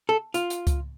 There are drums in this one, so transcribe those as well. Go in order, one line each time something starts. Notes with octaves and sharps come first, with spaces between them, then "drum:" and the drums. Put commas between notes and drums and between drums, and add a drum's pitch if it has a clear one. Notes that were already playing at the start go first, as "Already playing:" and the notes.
A4
F4, drum: hi-hat
drum: hi-hat
drum: kick C#2, hi-hat